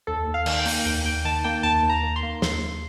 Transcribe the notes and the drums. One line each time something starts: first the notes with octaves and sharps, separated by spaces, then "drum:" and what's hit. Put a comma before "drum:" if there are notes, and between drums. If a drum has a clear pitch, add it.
D#2 A4
D#2
F5
D#3, drum: cymbal
G5
A#3, drum: open hi-hat
D#2 G5
D#2 G5
D#3 A5
A#3 G5
D#2 A5
D#2
A#5
D#3
C6
A#3
D#2 C6, drum: snare
D#2